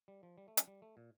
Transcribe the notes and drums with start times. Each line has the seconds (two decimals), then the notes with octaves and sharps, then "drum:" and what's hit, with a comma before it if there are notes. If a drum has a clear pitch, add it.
0.08 G3
0.23 F3
0.38 G3
0.48 A3
0.57 G3, drum: hi-hat
0.67 G3
0.82 A3
0.97 A#2